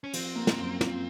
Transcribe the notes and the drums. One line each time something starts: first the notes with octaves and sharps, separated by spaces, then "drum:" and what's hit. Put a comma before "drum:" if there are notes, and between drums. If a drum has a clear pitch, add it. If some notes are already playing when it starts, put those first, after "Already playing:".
C#4
F3 C4, drum: cymbal
A#3
drum: snare
F#2
F4, drum: snare